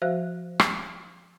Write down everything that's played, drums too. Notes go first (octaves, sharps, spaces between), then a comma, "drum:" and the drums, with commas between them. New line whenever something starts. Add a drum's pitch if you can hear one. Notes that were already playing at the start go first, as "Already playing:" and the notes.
F3 F#4 C5 E5 F5 F#6
drum: rim click